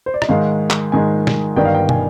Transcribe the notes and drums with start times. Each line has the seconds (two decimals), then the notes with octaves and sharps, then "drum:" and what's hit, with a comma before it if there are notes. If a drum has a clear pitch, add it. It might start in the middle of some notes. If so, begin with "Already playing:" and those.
0.06 C5
0.14 D5
0.22 D#5, drum: rim click
0.29 G#2 D#3 G#3 F5
0.70 drum: clap
0.92 G#2 D#3 G#3 G#5
1.27 drum: snare
1.56 G1 G2 D#3 G3 B3 G5
1.65 F5
1.75 G5
1.89 G#5, drum: tom